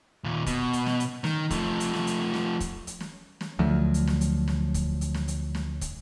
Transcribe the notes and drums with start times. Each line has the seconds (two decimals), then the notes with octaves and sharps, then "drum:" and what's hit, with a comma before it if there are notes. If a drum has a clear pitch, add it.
0.24 D#2 A#2
0.46 B2, drum: kick, hi-hat
0.73 drum: hi-hat
0.87 drum: snare
1.00 drum: hi-hat
1.24 D#3, drum: snare
1.51 F3 A3, drum: kick, hi-hat
1.80 drum: hi-hat
1.94 drum: snare
2.07 drum: hi-hat
2.34 drum: snare
2.60 drum: kick, hi-hat
2.87 drum: hi-hat
3.01 drum: snare
3.41 drum: snare
3.59 D2 F3 F#3
3.94 drum: hi-hat
4.07 drum: snare
4.21 drum: hi-hat
4.48 drum: snare
4.74 drum: kick, hi-hat
5.01 drum: hi-hat
5.14 drum: snare
5.28 drum: hi-hat
5.55 drum: snare
5.81 drum: kick, hi-hat